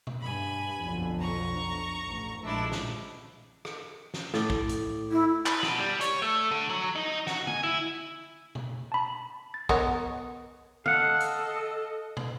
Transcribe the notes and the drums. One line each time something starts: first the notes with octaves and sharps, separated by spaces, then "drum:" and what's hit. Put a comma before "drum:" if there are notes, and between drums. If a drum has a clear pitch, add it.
drum: tom B2
G2 G#5 B5
B1 F2 D3
A#5 C#6
A1
A#1 G#3 A3 D4 E4
drum: snare
drum: rim click
drum: snare
A2 D5, drum: snare
drum: kick
drum: hi-hat
E4
B4, drum: clap
B2, drum: snare
G3
C#5, drum: hi-hat
A3
D3
F#3
D#4
F#4, drum: snare
G#5, drum: tom
E4
drum: tom B2
A5 B5
A6
B3 A#4 C#5 D#5 F#5 D#6, drum: kick
A4 D#5 F5 F#5, drum: tom
drum: hi-hat
drum: tom